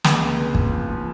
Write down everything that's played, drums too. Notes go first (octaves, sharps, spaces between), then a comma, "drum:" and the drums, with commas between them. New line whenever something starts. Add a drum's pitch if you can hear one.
C#2 A#3, drum: snare
C3
C#2
F3, drum: kick
F3
F3